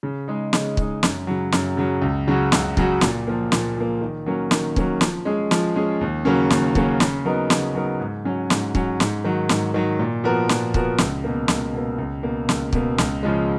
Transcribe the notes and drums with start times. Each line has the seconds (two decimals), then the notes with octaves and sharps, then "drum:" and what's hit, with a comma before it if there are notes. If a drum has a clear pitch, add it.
0.03 C#3
0.28 G#3 D#4
0.53 C#3, drum: snare
0.77 G#3 D#4, drum: kick
1.03 F#2, drum: snare
1.27 C#3 F#3
1.52 F#2, drum: snare
1.77 C#3 F#3
2.02 C#2
2.28 C#3 F#3 C#4 F#4
2.52 C#2, drum: snare
2.77 C#3 F#3 C#4 F#4, drum: kick
3.01 A#2, drum: snare
3.27 F3 A#3
3.52 A#2, drum: snare
3.77 F3 A#3
4.01 D#3
4.26 F#3 A#3 C#4
4.51 D#3, drum: snare
4.76 F#3 A#3 C#4, drum: kick
5.01 F3, drum: snare
5.25 G#3 C#4 G#4
5.51 F3, drum: snare
5.76 G#3 C#4 G#4
6.01 D#2
6.25 C#3 F#3 A#3 C#4
6.50 D#2, drum: snare
6.75 C#3 F#3 A#3 C#4, drum: kick
7.00 C#3, drum: snare
7.25 F#3 B3 D#4 A#4
7.50 C#3, drum: snare
7.75 F#3 B3 D#4 A#4
8.00 G#2
8.25 F#3 C#4
8.50 G#2, drum: snare
8.75 F#3 C#4, drum: kick
9.00 G#2, drum: snare
9.24 D#3 F#3
9.49 G#2, drum: snare
9.74 D#3 F#3
9.99 A#2
10.24 F3 B3 F#4 A#4
10.49 A#2, drum: snare
10.74 F3 B3 F#4 A#4, drum: kick
10.98 C#2, drum: snare
11.24 B2 A#3
11.48 C#2, drum: snare
11.73 B2 A#3
11.98 C#2
12.23 B2 A#3
12.49 C#2, drum: snare
12.73 B2 A#3, drum: kick
12.98 C#2, drum: snare
13.23 C#3 F3 G#3